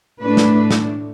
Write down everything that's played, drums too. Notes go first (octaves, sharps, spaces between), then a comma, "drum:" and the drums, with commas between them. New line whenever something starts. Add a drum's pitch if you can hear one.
A2 A3 D4 B4
drum: snare
drum: snare